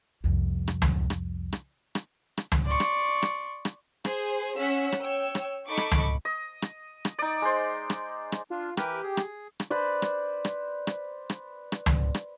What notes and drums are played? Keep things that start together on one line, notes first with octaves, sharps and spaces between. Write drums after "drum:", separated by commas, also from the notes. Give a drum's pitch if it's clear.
C2 F2
drum: rim click
drum: tom C#2
drum: rim click
drum: rim click
drum: rim click
drum: rim click
drum: tom C#2
D5 C6 C#6
drum: rim click
drum: rim click
drum: rim click
G#4 C5, drum: rim click
C#4 F#5 E6 B6
drum: rim click
C#5 G5 E6
drum: rim click
D#4 A4 B5 C#6 D6
drum: rim click
drum: tom C#2
D#5
drum: rim click
drum: rim click
D#4 D5
G#3 C5
drum: rim click
drum: rim click
D4 F4
E3 G4 A#4 B4, drum: rim click
G#4
drum: rim click
drum: rim click
B4 C5 D5
drum: rim click
drum: rim click
drum: rim click
drum: rim click
drum: rim click
drum: tom C#2
drum: rim click